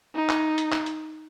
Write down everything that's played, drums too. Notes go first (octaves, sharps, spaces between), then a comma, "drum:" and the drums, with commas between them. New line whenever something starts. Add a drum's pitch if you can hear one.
D#4
drum: clap
drum: hi-hat
drum: clap
drum: hi-hat